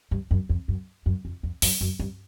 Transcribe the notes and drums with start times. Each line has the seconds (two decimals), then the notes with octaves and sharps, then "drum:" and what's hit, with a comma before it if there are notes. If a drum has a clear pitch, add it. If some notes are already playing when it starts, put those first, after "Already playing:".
0.11 G2
0.31 F#2
0.49 F2
0.68 F#2
1.06 F#2
1.25 F2
1.43 F2
1.62 F#2, drum: open hi-hat
1.81 F#2
1.99 G2